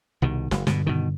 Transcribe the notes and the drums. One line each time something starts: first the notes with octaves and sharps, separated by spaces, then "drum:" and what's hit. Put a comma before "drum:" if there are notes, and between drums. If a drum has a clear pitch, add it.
C2 B2 D#3
F#1, drum: snare
G2 B2 D3, drum: snare
B2 D#3